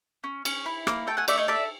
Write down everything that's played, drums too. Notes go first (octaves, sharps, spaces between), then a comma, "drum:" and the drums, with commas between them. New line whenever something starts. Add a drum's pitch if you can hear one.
C#4
C#4, drum: cymbal
E4
A#3, drum: rim click
A3 G5 A5
F#5 G#5
A3 D5 E5, drum: cymbal
C#5 D#5
A4 D5 E5